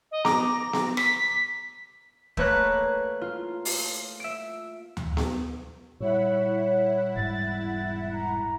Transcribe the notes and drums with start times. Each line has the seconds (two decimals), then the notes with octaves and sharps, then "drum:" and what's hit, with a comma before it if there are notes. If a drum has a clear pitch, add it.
0.11 D#5
0.25 A#5 D6 A#6, drum: snare B3
0.73 drum: snare B3
0.97 B6, drum: rim click
2.37 A3 A#3 B4 C#5 A#5 F#6, drum: kick
3.21 F4
3.65 drum: open hi-hat
4.20 E5 D7
4.97 drum: tom D2
5.17 drum: snare B3
6.00 A#2 G3 E4 C#5 F#5 B5
7.16 E1 G#2 G3 A6
8.13 A#5